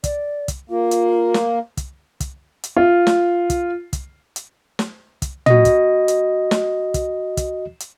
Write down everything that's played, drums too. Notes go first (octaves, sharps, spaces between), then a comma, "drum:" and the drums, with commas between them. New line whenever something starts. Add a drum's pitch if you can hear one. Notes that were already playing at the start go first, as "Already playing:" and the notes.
D5, drum: kick, hi-hat
drum: kick, hi-hat
A#3 F4
drum: hi-hat
drum: snare
drum: kick, hi-hat
drum: kick, hi-hat
drum: hi-hat
F4
drum: snare
drum: kick, hi-hat
drum: kick, hi-hat
drum: hi-hat
drum: snare
drum: kick, hi-hat
F#4 D#5, drum: tom
drum: kick, hi-hat
drum: hi-hat
drum: snare
drum: kick, hi-hat
drum: kick, hi-hat
drum: hi-hat